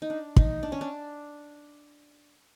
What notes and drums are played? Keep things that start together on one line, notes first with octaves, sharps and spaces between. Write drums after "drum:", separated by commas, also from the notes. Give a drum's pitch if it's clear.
D#4
D4
D#4, drum: kick
D4
C#4
D4